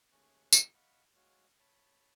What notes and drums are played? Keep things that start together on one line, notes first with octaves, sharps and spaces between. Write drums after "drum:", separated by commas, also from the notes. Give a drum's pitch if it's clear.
D#2 A3 C#4 G#4 C#6 F#6
drum: tambourine
D#5 F5 F#5 B5 C#6 D#6
G#3 F#4 C#5 F5
C#5 A5 B5